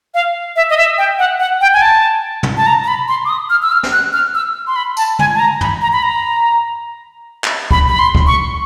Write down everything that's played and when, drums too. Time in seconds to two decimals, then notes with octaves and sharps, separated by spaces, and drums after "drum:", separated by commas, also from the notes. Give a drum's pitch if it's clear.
0.14 F5
0.56 E5
0.70 D#5
0.77 E5
0.98 G5
1.18 F#5
1.39 F#5
1.61 G5
1.73 G#5
1.82 A5
2.43 drum: tom
2.57 A5
2.66 A#5
2.84 A#5
2.88 B5
3.08 C6
3.25 D6
3.29 D#6
3.50 F6
3.62 E6
3.72 F6
3.83 drum: snare
3.92 F#6
4.13 F6
4.35 E6
4.67 C6
4.76 B5
4.97 A5, drum: tambourine
5.19 G#5, drum: tom
5.34 A5
5.39 A#5
5.61 B5, drum: tom
5.81 A#5
5.93 B5
6.02 A#5
7.44 drum: clap
7.71 B5, drum: kick
7.88 B5
7.99 C6
8.15 drum: kick
8.27 C#6